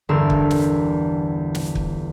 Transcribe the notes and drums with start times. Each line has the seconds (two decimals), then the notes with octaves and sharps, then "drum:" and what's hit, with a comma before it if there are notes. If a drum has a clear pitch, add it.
0.09 G1 E2 D3 A#4 E6
0.30 drum: kick
0.50 drum: snare
1.55 drum: snare
1.75 drum: kick